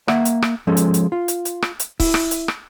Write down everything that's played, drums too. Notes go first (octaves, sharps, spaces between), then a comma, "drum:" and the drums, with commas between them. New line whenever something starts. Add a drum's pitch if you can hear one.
A#3 E5 F#5, drum: rim click
drum: hi-hat
drum: rim click
F3 G#3 C#4 A4
drum: hi-hat
drum: hi-hat
F4
drum: hi-hat
drum: hi-hat
drum: rim click
drum: hi-hat
E4, drum: kick C#1, open hi-hat
drum: rim click
drum: hi-hat
drum: rim click